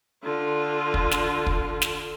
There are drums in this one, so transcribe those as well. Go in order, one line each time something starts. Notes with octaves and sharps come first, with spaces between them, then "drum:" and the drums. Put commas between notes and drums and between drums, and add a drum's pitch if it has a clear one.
D3 F4
drum: kick
drum: snare
drum: kick
drum: snare